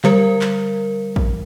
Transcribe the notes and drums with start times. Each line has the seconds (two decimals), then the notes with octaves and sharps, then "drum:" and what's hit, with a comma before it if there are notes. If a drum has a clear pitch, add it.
0.04 D3 G3 A#4, drum: clap
0.41 drum: clap
1.16 drum: kick A1